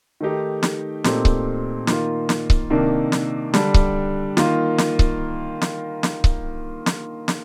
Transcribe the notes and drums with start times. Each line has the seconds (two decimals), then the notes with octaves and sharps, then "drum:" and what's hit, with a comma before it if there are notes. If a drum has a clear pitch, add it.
0.21 D#3 A3 D#4 G4
0.63 drum: snare
1.04 A#2 A3 C4 D#4 G4, drum: snare
1.25 drum: kick C#1
1.87 D#3 A#3 F4, drum: snare
2.29 drum: snare
2.50 drum: kick C#1
2.70 C3 D#3 A#3 D4
3.12 drum: snare
3.54 D3 G3 D4, drum: snare
3.74 drum: kick C#1
4.37 D#3 A#3 F4, drum: snare
4.78 drum: snare
4.99 drum: kick C#1
5.61 drum: snare
6.03 drum: snare
6.24 drum: kick C#1
6.86 drum: snare
7.28 drum: snare